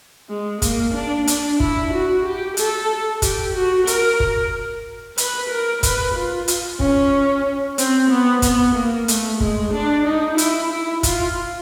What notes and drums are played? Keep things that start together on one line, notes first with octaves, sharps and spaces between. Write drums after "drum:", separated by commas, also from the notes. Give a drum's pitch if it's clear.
G#3
A#3, drum: kick, hi-hat
D4
D4, drum: hi-hat
E4, drum: kick
F#4
G4
A4, drum: hi-hat
G4, drum: kick, hi-hat
F#4
A#4, drum: hi-hat
drum: kick
B4, drum: hi-hat
A#4
B4, drum: kick, hi-hat
F4
drum: hi-hat
C#4, drum: kick
C4, drum: hi-hat
B3
B3, drum: kick, hi-hat
A#3
A3, drum: hi-hat
G#3, drum: kick
D4
D#4
E4, drum: hi-hat
E4
F4, drum: kick, hi-hat